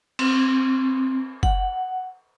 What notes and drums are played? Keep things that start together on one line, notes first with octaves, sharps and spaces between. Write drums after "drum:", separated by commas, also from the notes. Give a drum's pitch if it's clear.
C4, drum: cymbal
F#5, drum: kick